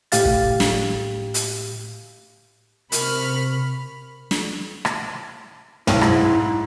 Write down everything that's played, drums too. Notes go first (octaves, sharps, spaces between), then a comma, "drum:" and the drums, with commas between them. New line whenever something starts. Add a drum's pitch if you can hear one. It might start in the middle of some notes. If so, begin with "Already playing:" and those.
A2 G4 F5 A6, drum: hi-hat
drum: kick
drum: snare
drum: hi-hat
C3 A#4 B5 C#6 F6, drum: hi-hat
drum: snare
drum: rim click
B1 E4, drum: tom
G#2, drum: rim click